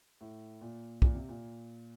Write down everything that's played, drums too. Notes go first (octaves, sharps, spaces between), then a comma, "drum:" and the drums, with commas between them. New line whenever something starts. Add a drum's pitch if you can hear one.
A2
A#2
A#2, drum: kick
C3
A#2